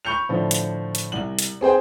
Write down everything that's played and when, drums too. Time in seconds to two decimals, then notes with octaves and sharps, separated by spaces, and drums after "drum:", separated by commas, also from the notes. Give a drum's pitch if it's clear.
0.05 B5 C#6 G6 C#7 F7
0.29 A2 D3 F3
0.51 drum: hi-hat
0.95 drum: hi-hat
1.12 C2 F#7
1.39 drum: hi-hat
1.61 C4 G#4 C5 G5